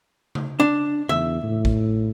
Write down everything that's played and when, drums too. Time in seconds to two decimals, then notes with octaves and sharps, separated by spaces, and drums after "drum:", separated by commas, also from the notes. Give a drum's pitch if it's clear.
0.35 drum: tom C#3
0.60 D4
1.09 E2 E5, drum: tom C#3
1.43 A2
1.65 drum: kick A1